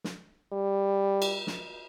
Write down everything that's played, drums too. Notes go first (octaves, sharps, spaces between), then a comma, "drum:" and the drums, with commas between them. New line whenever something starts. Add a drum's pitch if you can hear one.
drum: snare
G3
drum: cymbal
drum: snare